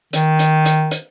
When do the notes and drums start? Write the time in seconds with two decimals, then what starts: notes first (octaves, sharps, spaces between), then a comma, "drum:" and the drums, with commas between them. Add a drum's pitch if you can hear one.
0.13 D#3, drum: hi-hat
0.39 drum: hi-hat
0.65 drum: hi-hat
0.91 drum: hi-hat